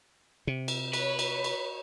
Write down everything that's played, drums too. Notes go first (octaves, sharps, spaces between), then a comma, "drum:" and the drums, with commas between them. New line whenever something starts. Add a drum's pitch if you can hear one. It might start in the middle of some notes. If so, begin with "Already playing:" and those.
C3
drum: cymbal
B4 C#5, drum: cymbal
drum: cymbal
drum: cymbal